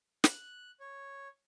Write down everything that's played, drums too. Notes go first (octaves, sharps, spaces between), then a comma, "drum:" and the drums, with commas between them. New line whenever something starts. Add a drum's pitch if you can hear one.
F#6, drum: snare
C#5